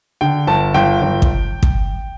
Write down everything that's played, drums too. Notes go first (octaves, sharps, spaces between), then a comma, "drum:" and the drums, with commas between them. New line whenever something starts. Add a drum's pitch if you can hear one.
D3 G5
G1 A5
G1 G5
G1
drum: kick
drum: kick